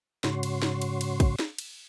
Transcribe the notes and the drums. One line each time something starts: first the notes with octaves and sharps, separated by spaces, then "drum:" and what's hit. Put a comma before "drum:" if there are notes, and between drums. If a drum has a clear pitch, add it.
G#2 C#3 F#4 C#5 C6, drum: snare
drum: cymbal
drum: snare
drum: cymbal
drum: cymbal
drum: kick, cymbal
drum: snare
drum: cymbal